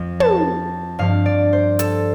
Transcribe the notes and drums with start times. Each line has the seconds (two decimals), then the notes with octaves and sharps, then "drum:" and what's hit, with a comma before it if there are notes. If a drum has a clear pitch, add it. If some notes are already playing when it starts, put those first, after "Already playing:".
Already playing: F2 F3
0.20 A5, drum: tom
0.99 G2 F3 F5
1.26 D5
1.53 C5
1.79 A4, drum: hi-hat